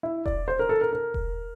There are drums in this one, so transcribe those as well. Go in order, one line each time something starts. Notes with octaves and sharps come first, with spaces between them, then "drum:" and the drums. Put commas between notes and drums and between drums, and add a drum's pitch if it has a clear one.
E4
D5, drum: kick E1
C5
A#4
A4
A#4
A#4
drum: kick E1